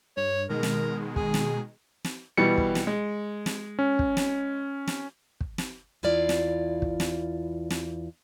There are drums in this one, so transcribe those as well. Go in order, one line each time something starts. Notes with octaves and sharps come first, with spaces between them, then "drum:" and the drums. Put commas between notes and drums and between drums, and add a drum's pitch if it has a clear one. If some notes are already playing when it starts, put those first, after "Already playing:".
G2 C#5
B2 D#3 G#3 A#4
drum: snare
G#4, drum: kick
drum: snare
drum: snare
B2 E3 G3 C#7
drum: kick
drum: snare
G#3
drum: snare
C#4
drum: kick
drum: snare
drum: snare
drum: kick
drum: snare
E2 E4 F4 D5 F5
drum: snare
drum: kick
drum: snare
drum: snare